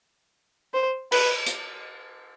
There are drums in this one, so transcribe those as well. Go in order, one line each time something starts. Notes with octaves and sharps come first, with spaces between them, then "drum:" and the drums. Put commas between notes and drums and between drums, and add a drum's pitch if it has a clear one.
C5
B4, drum: cymbal
drum: hi-hat